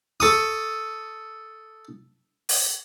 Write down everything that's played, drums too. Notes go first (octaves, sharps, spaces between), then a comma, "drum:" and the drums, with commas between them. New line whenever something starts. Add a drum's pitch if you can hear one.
A4 C#6 D#6
drum: open hi-hat